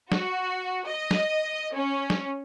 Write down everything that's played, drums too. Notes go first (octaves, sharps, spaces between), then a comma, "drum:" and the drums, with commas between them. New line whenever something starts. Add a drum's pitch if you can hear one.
F#4, drum: snare
D#5
drum: snare
C#4
drum: snare